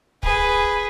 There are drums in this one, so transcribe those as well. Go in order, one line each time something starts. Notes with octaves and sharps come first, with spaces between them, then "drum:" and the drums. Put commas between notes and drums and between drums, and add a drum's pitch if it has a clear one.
G#4 B4, drum: kick